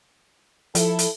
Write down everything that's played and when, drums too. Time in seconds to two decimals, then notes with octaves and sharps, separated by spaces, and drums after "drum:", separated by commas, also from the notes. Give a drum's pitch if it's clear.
0.75 F3 E4 A4, drum: hi-hat
0.99 drum: hi-hat